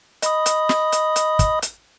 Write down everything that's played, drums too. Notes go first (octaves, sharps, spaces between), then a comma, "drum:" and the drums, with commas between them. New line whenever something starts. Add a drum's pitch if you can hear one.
D#5 B5 D#6, drum: hi-hat
drum: hi-hat
drum: snare
drum: hi-hat
drum: hi-hat
drum: kick, hi-hat
drum: hi-hat